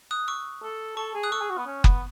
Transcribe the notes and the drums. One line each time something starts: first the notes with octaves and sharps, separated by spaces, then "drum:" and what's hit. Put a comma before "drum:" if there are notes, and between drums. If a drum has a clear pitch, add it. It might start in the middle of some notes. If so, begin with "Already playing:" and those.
D#6 F#6
C#6 E6
A4
A4 A5 C#6
G#4
D#6 F#6
A4 C#6 E6
G#4
F#4
B3
C#4
B3, drum: kick F#1